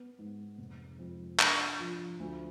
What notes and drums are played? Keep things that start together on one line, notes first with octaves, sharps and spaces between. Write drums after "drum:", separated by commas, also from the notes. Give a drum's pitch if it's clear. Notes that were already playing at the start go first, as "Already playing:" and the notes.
Already playing: B3
G#2
F1
F2
D4, drum: clap
F3
D2